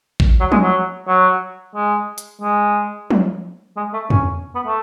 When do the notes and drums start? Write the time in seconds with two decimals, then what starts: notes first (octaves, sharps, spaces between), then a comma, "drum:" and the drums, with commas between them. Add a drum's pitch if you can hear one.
0.20 drum: kick A1
0.40 F#3
0.52 G#3, drum: tom F3
0.63 F#3
1.08 F#3
1.75 G#3
2.18 drum: hi-hat
2.42 G#3
3.11 drum: tom F3
3.77 G#3
3.93 A3
4.10 C#4, drum: tom E2
4.55 B3
4.66 A3